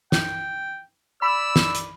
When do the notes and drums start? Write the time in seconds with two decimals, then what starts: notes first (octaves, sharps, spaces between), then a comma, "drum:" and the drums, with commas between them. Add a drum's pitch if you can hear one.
0.12 G5, drum: snare
1.22 D5 B5 E6
1.56 drum: snare
1.75 drum: hi-hat